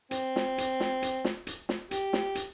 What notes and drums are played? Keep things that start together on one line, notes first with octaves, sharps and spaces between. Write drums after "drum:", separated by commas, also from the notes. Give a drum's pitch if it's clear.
C4, drum: hi-hat
drum: snare
drum: hi-hat
drum: snare
drum: hi-hat
drum: snare
drum: hi-hat
drum: snare
G4, drum: hi-hat
drum: snare
drum: hi-hat